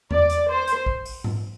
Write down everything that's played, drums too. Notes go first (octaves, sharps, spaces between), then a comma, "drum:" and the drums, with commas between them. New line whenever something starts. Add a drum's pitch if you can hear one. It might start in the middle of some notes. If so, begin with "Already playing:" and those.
D5, drum: tom E2
drum: hi-hat
C5
drum: hi-hat
drum: kick
drum: open hi-hat
drum: tom G#2